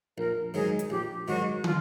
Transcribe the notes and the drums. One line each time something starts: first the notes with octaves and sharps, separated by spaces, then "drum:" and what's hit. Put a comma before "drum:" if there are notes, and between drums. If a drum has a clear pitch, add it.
A#1 A#4
G#2 D#3 F#3 G#4
drum: hi-hat
A#1 G4
G#2 D#3 F#3 F#4
F4, drum: tom